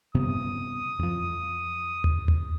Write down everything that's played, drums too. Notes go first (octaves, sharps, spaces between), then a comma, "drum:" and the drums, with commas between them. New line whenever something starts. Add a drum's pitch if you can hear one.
G2 C3 B3 D#6
F2 F3
drum: tom D#2
drum: tom D#2